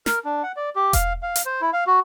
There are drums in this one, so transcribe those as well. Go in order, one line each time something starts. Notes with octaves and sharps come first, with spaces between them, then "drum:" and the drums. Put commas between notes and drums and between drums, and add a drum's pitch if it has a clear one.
A#4, drum: snare
D4
F#5
D5
G4
F5, drum: kick E1, hi-hat
F5
drum: hi-hat
C5
E4
F5
F#4